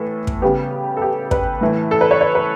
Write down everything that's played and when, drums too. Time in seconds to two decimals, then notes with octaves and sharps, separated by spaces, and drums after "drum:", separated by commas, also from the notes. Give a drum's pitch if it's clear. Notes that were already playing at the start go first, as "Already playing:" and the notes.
Already playing: A2 E3 B3 A4
0.27 drum: kick
0.42 C#3 G3 B3 G4
0.97 A4
1.02 G4
1.31 B4, drum: kick
1.61 A2 E3 A3
1.91 A4
2.01 B4
2.11 C#5
2.21 C#5
2.35 B4